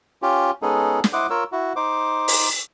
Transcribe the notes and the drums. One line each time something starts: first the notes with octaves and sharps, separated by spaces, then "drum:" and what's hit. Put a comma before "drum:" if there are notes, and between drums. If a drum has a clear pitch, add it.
C#4 F4 G4
G#3 B3 C#4 D#4 G#4 A4
drum: snare
E4 C5 D#5 F#5 D6
F4 A#4 C#5 E6
E4 F#4
D#4 C5 D6
drum: open hi-hat